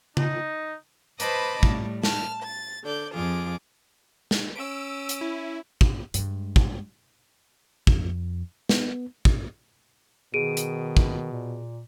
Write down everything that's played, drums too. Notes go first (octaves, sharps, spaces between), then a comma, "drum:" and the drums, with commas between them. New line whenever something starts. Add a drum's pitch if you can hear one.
D#4, drum: tom
B4 C5 D#5 A5 B5 D6, drum: hi-hat
A2 G3, drum: kick
A5 F6, drum: snare
A6
D3 D5 G6
F2 F4 G#4 D6
drum: snare
C#4 E6 D7
drum: hi-hat
E4
drum: kick
G2 G#3, drum: hi-hat
drum: kick
F2, drum: kick
B3, drum: snare
drum: kick
B2 D#3 G#4 D7 D#7
drum: hi-hat
drum: kick
A#2